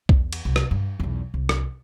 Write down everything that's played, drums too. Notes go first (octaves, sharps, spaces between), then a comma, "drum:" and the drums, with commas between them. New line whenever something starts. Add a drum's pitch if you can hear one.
E2, drum: kick B1
drum: cymbal
C2
drum: rim click
G2
B1 E2
C2
drum: rim click